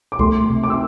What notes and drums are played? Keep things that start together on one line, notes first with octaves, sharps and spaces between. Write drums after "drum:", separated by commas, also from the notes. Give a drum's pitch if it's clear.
D6
A3 C6, drum: kick
C3
D6
E6